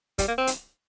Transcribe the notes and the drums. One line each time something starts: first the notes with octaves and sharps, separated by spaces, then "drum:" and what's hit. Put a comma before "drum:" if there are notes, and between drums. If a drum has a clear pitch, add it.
G3, drum: kick, hi-hat
A#3
C4
drum: hi-hat